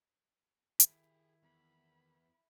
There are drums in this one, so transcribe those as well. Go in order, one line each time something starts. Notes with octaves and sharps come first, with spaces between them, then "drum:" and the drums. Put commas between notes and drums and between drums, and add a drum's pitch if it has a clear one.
D#3 E4 G4 G#4, drum: hi-hat
E2 B5